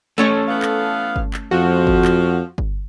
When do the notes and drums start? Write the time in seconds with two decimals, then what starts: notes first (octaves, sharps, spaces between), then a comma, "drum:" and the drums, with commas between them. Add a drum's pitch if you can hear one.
0.18 A3 C#4 A4 C#5
0.48 E3 B3 F5
0.62 drum: clap
1.16 drum: kick G1
1.34 drum: clap
1.51 F2 F3 F#4
1.87 drum: kick G1
2.05 drum: clap
2.58 drum: kick G1